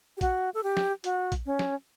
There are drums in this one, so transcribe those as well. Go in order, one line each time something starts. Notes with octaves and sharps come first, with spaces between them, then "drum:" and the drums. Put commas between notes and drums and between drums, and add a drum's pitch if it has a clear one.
G4
F#4, drum: kick A#1, hi-hat
A4
G4
drum: snare
F#4, drum: hi-hat
drum: kick A#1, hi-hat
C#4
drum: snare